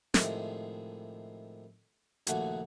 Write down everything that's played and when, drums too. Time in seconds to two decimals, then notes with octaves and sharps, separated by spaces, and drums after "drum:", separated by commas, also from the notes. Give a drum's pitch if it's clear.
0.14 A2 C3 D#3 F3 G#3, drum: snare
2.27 A#1 D#2 C#3 A3 F#4, drum: hi-hat